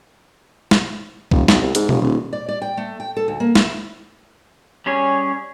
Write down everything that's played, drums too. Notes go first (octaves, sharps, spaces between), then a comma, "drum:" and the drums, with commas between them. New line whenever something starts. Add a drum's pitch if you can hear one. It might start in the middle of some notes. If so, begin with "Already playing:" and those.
drum: snare
E1, drum: kick B1
B1, drum: snare
C2
G#2, drum: hi-hat
F1, drum: tom B2
D#1
D5
D5
G5
A3
G5
A4
D2
A#3
E4, drum: snare
G3 C#4 G#4 C#5